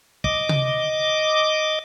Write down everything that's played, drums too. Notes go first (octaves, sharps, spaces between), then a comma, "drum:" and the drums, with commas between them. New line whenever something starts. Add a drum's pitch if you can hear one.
D#5 D6, drum: kick
drum: tom C3